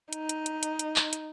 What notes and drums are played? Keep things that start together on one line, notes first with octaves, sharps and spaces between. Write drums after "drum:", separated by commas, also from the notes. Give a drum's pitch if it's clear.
D#4, drum: hi-hat
drum: hi-hat
drum: hi-hat
drum: hi-hat
drum: hi-hat
drum: clap
drum: hi-hat